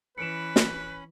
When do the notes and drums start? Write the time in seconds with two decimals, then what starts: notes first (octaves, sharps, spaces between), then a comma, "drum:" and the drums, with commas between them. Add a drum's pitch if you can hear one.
0.18 E3 C#4 B4 B5 C#7 D7 E7
0.56 drum: snare